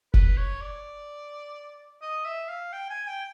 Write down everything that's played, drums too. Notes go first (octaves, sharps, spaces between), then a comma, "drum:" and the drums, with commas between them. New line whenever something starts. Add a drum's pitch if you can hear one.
B4, drum: kick
C#5
D5
D#5
E5
F5
G5
G#5
G5